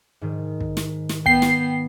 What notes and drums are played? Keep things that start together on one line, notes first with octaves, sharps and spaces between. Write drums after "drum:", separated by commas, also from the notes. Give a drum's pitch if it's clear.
G#2 D#3
drum: kick
drum: snare
drum: snare
B3 G5 C7, drum: kick
drum: snare